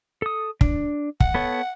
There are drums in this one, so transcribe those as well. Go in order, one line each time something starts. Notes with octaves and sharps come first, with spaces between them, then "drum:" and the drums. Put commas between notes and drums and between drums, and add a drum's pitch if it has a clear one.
A4 D#6
D4, drum: kick
F#5, drum: kick
B3 A4 C#5